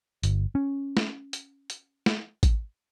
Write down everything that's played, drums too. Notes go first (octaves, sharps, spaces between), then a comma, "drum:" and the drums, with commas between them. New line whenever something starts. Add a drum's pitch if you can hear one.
G1, drum: hi-hat
C#4
drum: snare
drum: hi-hat
drum: hi-hat
drum: snare
drum: kick A1, hi-hat